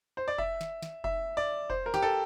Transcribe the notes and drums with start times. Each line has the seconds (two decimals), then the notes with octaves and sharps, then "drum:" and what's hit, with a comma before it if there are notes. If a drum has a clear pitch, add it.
0.17 C5
0.28 D5
0.38 E5, drum: kick F1
0.61 drum: snare
0.82 drum: snare
1.04 E5, drum: kick F1
1.37 D5
1.70 C5, drum: kick F1
1.86 A#4
1.94 G4, drum: snare
2.03 A4